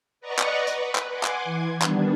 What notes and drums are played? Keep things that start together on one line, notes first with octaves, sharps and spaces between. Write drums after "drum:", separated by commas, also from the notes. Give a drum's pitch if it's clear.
B4 D5 D#5 F#5 A#5 C#6
drum: clap
drum: hi-hat
B4
drum: clap
F#5 G#5 C6 D6
drum: clap
E3 G#6
D#3 G3 B3 D4, drum: clap